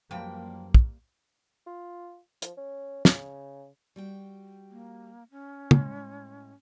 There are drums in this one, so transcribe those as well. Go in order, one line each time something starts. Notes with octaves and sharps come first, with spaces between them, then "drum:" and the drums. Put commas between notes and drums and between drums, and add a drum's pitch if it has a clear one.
F#2 F3 G3 A#3 B4 G5
drum: kick
F4
F3, drum: hi-hat
C#4
C#3, drum: snare
G3 F#4 G5
A#3
C#4
A2 G#3, drum: tom